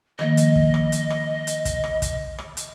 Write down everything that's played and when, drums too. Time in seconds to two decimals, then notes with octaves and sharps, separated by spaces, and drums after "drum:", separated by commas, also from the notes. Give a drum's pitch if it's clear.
0.19 D#3 F3 A#3 D#5, drum: rim click
0.37 drum: hi-hat
0.55 drum: kick
0.74 drum: rim click
0.92 drum: hi-hat
1.10 drum: rim click
1.47 drum: hi-hat
1.65 drum: kick, hi-hat
1.84 drum: rim click
2.02 drum: kick, hi-hat
2.38 drum: rim click
2.57 drum: hi-hat